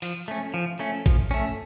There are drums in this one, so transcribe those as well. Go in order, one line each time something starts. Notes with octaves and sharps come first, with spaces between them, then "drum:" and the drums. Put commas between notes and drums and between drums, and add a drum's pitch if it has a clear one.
F3, drum: open hi-hat
A3 C#4
F3
A3 C#4
F3, drum: kick A1, hi-hat
A3 C#4